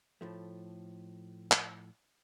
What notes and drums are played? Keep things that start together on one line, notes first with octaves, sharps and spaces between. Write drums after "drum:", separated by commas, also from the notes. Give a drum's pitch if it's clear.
A2 F3 A3
drum: clap